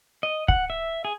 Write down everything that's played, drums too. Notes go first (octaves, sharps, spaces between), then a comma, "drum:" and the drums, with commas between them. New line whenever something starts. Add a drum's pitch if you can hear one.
D#5
F#5, drum: kick
E5
G#4